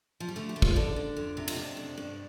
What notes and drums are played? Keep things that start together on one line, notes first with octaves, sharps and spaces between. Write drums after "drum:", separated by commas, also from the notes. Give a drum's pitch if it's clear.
F3
G3
D3 A3
G4
D3
F4, drum: kick
D3 D4
D3
F2
C3
F4, drum: cymbal
C3 D4
F2
G2